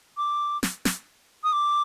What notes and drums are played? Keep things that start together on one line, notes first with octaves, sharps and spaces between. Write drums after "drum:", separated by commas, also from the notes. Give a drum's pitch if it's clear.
D6
drum: snare
drum: snare
D#6
D6